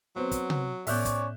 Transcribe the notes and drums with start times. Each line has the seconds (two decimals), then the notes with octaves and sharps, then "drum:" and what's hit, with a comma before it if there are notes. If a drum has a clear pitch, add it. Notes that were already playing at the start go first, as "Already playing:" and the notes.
0.16 F#3 B3 C4
0.31 drum: kick, hi-hat
0.50 drum: tom C3
0.87 A2 B3 C#4 D5 E5 F#6 G6, drum: open hi-hat
1.05 drum: kick, hi-hat